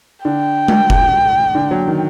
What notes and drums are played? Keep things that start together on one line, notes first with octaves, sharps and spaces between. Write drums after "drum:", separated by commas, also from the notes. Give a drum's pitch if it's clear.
D3 G5
drum: tom G#3
drum: kick F1
D3
F#3
D#3